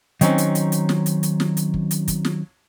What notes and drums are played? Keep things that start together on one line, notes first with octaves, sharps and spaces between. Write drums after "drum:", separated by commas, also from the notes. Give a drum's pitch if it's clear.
D#3 F#3 C4 C#4 D#4, drum: hi-hat
drum: hi-hat
drum: hi-hat
drum: hi-hat
drum: snare
drum: hi-hat
drum: hi-hat
drum: snare
drum: hi-hat
drum: kick
drum: hi-hat
drum: kick, hi-hat
drum: snare